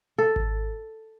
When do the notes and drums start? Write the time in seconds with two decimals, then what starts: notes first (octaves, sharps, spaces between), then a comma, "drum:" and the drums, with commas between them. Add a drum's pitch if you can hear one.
0.18 A4
0.36 drum: kick G#1